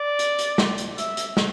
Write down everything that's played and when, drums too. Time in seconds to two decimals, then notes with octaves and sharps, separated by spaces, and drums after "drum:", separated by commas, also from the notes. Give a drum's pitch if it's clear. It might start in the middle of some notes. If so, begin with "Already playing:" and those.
Already playing: D5
0.19 drum: hi-hat
0.39 drum: hi-hat
0.58 drum: snare
0.78 drum: hi-hat
0.98 E5, drum: hi-hat
1.17 drum: hi-hat
1.37 drum: snare